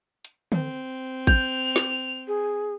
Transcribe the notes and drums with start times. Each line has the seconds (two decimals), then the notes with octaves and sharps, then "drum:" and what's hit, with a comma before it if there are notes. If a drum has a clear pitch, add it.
0.25 drum: hi-hat
0.52 C4, drum: tom D3
1.27 G6 F7, drum: kick A1
1.76 drum: snare
2.28 G#4